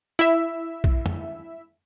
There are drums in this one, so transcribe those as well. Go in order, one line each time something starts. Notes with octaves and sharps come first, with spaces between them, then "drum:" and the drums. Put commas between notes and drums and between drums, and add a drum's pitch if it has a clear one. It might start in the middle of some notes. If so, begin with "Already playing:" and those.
E4 E5
drum: kick
drum: tom F2